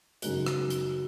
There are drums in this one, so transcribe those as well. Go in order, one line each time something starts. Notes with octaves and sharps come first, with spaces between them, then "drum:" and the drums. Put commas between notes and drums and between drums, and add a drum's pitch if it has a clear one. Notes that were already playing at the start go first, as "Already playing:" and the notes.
F#2 C#3 G#3 D#4 F#4 A#4, drum: hi-hat
drum: rim click
drum: hi-hat